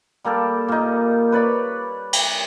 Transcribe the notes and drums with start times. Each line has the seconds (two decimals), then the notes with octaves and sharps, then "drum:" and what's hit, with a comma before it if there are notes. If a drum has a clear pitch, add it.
0.24 G3 A#3 G4 A4
0.68 A#2 D#4
1.32 B4 C#5 D5 B5
2.13 drum: cymbal